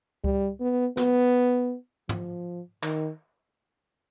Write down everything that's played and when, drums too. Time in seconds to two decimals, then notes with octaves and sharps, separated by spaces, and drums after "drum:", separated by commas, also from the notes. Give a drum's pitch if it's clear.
0.24 G3, drum: kick C#2
0.61 B3
0.97 B3, drum: snare
2.09 F3, drum: tom
2.83 D#3, drum: clap